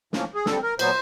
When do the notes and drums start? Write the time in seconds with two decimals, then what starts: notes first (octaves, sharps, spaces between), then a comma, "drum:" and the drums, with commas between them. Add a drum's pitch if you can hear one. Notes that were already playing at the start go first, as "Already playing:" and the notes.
0.13 A2 F3 A#3 C#4, drum: snare
0.35 G#4
0.46 D3 G3 C4 A4, drum: snare
0.63 A#4
0.79 A#2 F#3 B3 C5, drum: cymbal